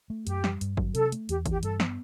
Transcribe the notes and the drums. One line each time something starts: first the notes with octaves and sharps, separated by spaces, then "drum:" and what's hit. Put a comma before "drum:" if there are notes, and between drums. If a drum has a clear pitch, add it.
A3
F#2 G4, drum: hi-hat
G3, drum: snare
G2, drum: hi-hat
F#3, drum: kick G#1
C3 A4, drum: hi-hat
A3, drum: hi-hat
E2 G4, drum: hi-hat
E3, drum: kick G#1, hi-hat
G4
G2 A4, drum: hi-hat
B3, drum: snare